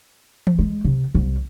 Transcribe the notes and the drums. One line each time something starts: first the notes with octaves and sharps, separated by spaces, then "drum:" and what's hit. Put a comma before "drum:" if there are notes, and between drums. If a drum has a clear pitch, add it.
drum: tom E3
G#3
C3
C2